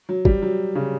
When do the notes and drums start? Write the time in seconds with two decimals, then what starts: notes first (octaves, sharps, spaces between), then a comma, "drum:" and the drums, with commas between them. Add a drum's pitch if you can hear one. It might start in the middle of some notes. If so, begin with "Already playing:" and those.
0.09 F#3
0.25 G3, drum: kick
0.42 F#3
0.75 C#3